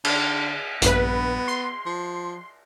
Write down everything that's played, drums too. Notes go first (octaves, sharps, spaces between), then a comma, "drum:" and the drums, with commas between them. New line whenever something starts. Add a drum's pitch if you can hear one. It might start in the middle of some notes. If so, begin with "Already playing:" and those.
D3, drum: cymbal
A#1 G2 B3 B4, drum: hi-hat
C6
F3